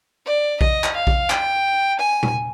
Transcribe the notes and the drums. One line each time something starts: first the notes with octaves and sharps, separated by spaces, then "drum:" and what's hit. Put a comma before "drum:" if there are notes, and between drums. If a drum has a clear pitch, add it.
D5
D#5, drum: kick A#1
drum: clap
F5
drum: kick A#1
G5, drum: clap
G#5
drum: tom A#2